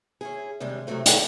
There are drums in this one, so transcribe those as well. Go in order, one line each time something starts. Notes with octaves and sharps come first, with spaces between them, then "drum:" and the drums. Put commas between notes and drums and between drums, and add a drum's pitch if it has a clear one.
C#4 E4 G#4
D#2 C3 G3 G#3 D4
C3 D#3 E3 F#3 A3 C4
A3, drum: hi-hat